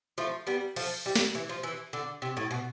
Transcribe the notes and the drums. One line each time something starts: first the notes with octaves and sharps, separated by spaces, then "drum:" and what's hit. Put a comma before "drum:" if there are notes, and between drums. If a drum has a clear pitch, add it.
F3 A3
G3 B3
F3 A3, drum: cymbal
G3
drum: snare
E3
F3
E3
D3
C3
A2
B2